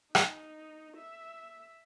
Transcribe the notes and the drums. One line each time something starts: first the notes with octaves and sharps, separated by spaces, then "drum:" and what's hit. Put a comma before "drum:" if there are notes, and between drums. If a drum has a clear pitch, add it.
D#4, drum: rim click
E5